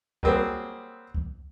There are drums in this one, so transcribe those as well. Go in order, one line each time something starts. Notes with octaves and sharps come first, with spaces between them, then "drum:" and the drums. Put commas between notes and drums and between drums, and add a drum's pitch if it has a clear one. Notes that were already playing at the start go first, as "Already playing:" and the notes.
F#3 G3 A#3 C4 G#4, drum: kick C2
drum: kick C2